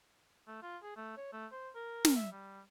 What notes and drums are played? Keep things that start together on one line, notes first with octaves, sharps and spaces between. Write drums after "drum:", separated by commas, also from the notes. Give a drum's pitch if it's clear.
A3
F4
G#4
A3
C#5
A3
C5
A#4
drum: snare
E5
G3